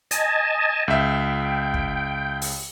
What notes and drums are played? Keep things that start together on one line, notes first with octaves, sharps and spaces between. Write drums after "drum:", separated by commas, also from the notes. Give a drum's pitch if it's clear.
D#5 G#5 A5, drum: hi-hat
C#2 E5 G5
drum: kick
drum: open hi-hat